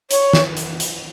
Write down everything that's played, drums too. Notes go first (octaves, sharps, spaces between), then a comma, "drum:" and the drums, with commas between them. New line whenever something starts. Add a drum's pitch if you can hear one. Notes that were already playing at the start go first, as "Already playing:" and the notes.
C#5, drum: hi-hat
drum: snare
drum: hi-hat
drum: hi-hat